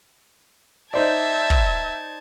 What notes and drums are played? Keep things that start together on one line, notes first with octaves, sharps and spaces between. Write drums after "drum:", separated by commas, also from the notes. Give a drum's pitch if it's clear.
D#4 C5 D5 E5 A5 G#6
drum: kick